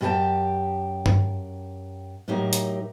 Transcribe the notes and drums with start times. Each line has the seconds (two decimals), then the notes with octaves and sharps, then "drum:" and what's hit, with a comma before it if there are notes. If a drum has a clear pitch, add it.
0.01 F#2 F4 G4 A4 G5 A5
1.06 drum: tom G2
2.28 A2 F#3 D#4 G4 A#4
2.53 drum: hi-hat